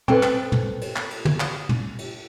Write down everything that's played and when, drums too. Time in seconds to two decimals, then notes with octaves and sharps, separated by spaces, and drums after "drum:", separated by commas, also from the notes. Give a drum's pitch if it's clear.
0.08 C4 A4 B4, drum: tom
0.23 drum: clap
0.52 drum: tom
0.81 drum: cymbal
0.96 drum: clap
1.11 drum: cymbal
1.25 drum: tom
1.40 drum: clap
1.69 drum: tom
1.99 drum: cymbal